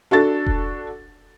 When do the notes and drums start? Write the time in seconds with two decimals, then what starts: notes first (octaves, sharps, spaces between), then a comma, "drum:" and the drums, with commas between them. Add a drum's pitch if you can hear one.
0.11 D4 F#4 A4 A6
0.47 drum: kick E1